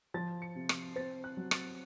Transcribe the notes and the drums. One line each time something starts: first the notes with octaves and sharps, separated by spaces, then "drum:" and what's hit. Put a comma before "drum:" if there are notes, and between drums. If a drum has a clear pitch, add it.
F3 A6
C#7
C3
C7, drum: rim click
C4 A6
F#6
F#3
A6, drum: rim click